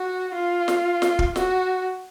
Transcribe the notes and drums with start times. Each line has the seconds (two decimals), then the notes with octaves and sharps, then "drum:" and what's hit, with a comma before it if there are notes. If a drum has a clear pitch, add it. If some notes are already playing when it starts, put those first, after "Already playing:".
Already playing: F#4
0.34 F4
0.68 drum: snare
1.02 drum: snare
1.19 drum: kick
1.36 F#4, drum: snare